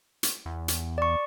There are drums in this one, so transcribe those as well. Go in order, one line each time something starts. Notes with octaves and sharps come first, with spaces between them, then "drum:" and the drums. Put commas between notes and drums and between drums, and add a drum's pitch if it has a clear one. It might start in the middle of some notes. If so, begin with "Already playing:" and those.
drum: hi-hat
E2
drum: hi-hat
D5 C#6